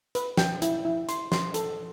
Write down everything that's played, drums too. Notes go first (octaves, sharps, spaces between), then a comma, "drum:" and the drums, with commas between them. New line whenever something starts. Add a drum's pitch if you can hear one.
B4, drum: hi-hat
G5, drum: snare
E4, drum: hi-hat
E4
C6, drum: hi-hat
C6, drum: snare
A4, drum: hi-hat